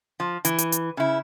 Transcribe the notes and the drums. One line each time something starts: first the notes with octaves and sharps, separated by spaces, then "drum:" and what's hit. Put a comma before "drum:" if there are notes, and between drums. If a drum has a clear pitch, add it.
F3
E3, drum: hi-hat
drum: hi-hat
drum: hi-hat
C#3 E4